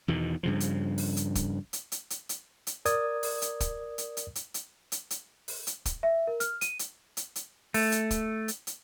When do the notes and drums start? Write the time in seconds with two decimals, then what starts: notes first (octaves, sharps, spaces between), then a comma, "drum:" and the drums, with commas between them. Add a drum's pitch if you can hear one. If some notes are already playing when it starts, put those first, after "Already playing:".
0.08 E2 B2 D#3
0.43 G2 C#3 F3
0.60 drum: hi-hat
0.98 drum: open hi-hat
1.17 drum: hi-hat
1.35 drum: kick, hi-hat
1.73 drum: hi-hat
1.92 drum: hi-hat
2.10 drum: hi-hat
2.29 drum: hi-hat
2.67 drum: hi-hat
2.85 A#4 D5 D#6 G#6, drum: hi-hat
3.23 drum: open hi-hat
3.42 drum: hi-hat
3.60 drum: kick, hi-hat
3.98 drum: hi-hat
4.17 drum: hi-hat
4.35 drum: hi-hat
4.54 drum: hi-hat
4.92 drum: hi-hat
5.10 drum: hi-hat
5.48 drum: open hi-hat
5.67 drum: hi-hat
5.85 drum: kick, hi-hat
6.03 E5
6.27 A#4
6.40 F6, drum: hi-hat
6.61 D#7, drum: hi-hat
6.79 drum: hi-hat
7.17 drum: hi-hat
7.36 drum: hi-hat
7.74 A3, drum: open hi-hat
7.92 drum: hi-hat
8.11 drum: kick, hi-hat
8.48 drum: hi-hat
8.67 drum: hi-hat